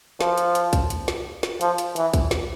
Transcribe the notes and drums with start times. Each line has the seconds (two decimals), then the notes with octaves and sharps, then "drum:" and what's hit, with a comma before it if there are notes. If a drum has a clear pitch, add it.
0.21 F3, drum: snare
0.38 drum: hi-hat
0.55 drum: hi-hat
0.73 drum: kick, hi-hat
0.90 drum: hi-hat
1.08 drum: snare
1.43 drum: snare
1.61 F3, drum: hi-hat
1.78 drum: hi-hat
1.96 E3, drum: hi-hat
2.13 drum: kick, hi-hat
2.31 drum: snare